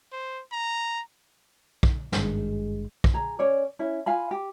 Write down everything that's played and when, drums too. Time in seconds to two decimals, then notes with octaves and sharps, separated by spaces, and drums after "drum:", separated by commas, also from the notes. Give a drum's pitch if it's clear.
0.12 C5
0.52 A#5
1.83 drum: kick
2.12 G#1 G2 G#3, drum: snare
3.04 drum: kick
3.14 G#4 A#5
3.39 C#4 C#5 D5
3.79 C#4 E4
4.06 F4 F5 G#5 B5
4.31 G4